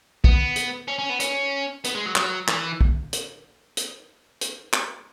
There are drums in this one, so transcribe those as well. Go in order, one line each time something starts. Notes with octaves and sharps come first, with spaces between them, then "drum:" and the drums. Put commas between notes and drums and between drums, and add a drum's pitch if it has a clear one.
B3, drum: kick
drum: hi-hat
C#4
C#4
B3
C#4, drum: hi-hat
B3, drum: hi-hat
G#3
F#3
F#3, drum: clap
E3, drum: clap
drum: kick
drum: hi-hat
drum: hi-hat
drum: hi-hat
drum: clap